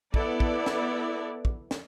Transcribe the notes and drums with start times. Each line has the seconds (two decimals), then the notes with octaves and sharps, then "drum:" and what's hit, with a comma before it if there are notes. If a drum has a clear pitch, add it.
0.14 B3 E4 A4 D5, drum: kick
0.40 drum: kick
0.66 drum: snare
1.45 drum: kick
1.71 drum: snare